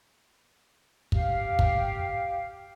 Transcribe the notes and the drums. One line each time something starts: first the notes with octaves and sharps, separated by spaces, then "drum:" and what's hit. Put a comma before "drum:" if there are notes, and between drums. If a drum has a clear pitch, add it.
G4 F5, drum: kick
drum: kick